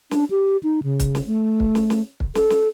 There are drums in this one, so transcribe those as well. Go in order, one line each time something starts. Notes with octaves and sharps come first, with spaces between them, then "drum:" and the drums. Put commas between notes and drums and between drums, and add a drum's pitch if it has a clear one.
D4, drum: snare
G4
D#4
C#3
drum: kick, hi-hat
drum: snare
A3
drum: kick
drum: snare
drum: snare
drum: kick
A4, drum: snare
drum: snare